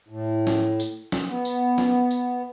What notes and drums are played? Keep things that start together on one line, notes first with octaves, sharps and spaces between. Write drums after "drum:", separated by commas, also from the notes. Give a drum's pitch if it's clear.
A2
drum: snare
drum: tambourine
drum: snare
B3
drum: tambourine
drum: snare
drum: tambourine